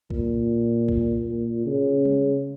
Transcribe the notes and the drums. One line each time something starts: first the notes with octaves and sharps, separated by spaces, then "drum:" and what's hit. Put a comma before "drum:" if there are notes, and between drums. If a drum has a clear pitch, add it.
A#2, drum: kick B1
drum: kick B1
A#2
C#3
drum: tom G3